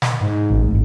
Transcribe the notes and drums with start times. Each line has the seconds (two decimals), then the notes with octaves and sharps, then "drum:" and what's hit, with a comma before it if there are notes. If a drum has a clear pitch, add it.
0.02 drum: snare
0.21 G#2
0.50 A1
0.71 G#1 G#2